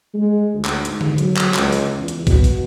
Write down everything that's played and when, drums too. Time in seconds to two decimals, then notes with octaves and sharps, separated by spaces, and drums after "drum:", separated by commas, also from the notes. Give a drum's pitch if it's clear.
0.14 G#3
0.54 D2
0.65 drum: clap
0.85 G#2, drum: hi-hat
1.01 drum: tom D3
1.18 F#3, drum: hi-hat
1.37 drum: clap
1.54 C#2, drum: clap
1.72 drum: open hi-hat
1.98 E2
2.08 drum: hi-hat
2.27 B2, drum: kick, open hi-hat
2.44 drum: open hi-hat